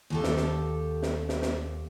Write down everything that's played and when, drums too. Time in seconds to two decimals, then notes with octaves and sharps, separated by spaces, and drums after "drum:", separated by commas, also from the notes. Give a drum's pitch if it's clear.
0.10 D#2 G4 A4
0.23 drum: snare
0.37 drum: snare
1.02 drum: snare
1.29 drum: snare
1.42 drum: snare